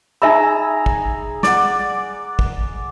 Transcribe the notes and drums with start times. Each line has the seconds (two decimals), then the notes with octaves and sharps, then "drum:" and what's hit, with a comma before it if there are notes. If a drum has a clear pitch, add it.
0.22 D#4 G#4 E5 A#5 B5 E6
0.86 drum: kick
1.43 D5 F#5, drum: snare
2.39 drum: kick